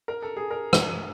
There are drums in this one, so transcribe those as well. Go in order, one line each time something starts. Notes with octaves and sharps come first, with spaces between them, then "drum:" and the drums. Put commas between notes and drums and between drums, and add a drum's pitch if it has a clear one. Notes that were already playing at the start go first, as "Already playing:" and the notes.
A#4
A4
G#4
A#4
drum: rim click